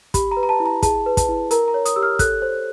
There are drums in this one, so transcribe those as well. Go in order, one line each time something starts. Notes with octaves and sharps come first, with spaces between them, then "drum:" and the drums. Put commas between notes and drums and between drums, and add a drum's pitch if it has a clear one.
G4 B5, drum: kick, hi-hat
A#5
B4
A#5
A5
E4
A#5
G#4 A5, drum: kick, hi-hat
B4
A5, drum: kick, hi-hat
E4
A#4 A#5, drum: hi-hat
A#5
C#5
D#6, drum: hi-hat
G4 E6
F6
A4 F#6, drum: kick, hi-hat
C5